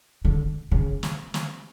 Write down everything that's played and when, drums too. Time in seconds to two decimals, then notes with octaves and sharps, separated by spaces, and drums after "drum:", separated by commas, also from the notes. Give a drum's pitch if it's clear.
0.25 D3
0.71 C#3
1.03 drum: snare
1.34 drum: snare